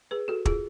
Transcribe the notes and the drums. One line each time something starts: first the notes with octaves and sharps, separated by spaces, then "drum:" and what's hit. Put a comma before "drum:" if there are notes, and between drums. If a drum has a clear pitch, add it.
G#4 B4
F#4 A4
F4 G#4, drum: kick